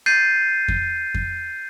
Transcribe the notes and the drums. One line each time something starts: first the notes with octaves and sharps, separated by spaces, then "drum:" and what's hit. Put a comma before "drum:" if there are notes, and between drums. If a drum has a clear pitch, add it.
G6 A6 C7 D#7
drum: kick F2
drum: kick F2